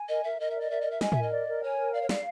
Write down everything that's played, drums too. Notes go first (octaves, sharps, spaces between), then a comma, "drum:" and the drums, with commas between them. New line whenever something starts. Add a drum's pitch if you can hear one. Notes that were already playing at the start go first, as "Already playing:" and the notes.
Already playing: G#5
A#4 D#5
A#4 E5
A#4 D#5
E5
D5
D#5
A#4 E5
A#4 D#5
E5
D#5 G#5, drum: snare
A#4 E5, drum: tom A2
D#5
D5
A#4
C#5 G#5
A#4
D5 F5
C#5
D5 F5, drum: snare